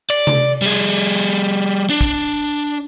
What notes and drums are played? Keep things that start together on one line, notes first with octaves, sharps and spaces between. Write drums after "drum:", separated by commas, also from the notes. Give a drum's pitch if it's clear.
D5, drum: cymbal
drum: tom C3
G3 G#4
D4
drum: kick